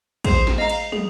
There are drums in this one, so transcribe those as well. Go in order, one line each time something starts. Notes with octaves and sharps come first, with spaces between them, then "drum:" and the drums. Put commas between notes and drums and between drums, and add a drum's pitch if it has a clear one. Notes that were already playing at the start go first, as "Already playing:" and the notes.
G#4 C5, drum: kick, cymbal
drum: snare
D#5 F5 A#5
drum: cymbal
G#4, drum: tom